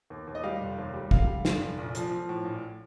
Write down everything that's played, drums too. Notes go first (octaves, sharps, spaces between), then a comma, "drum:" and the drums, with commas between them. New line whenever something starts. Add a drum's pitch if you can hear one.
D#2
D#2
D#5
G3 F5
F1
D#2
G3
D3 F5, drum: kick
G3
F1, drum: snare
F1
A#1
F3, drum: hi-hat
F3
A2
A#1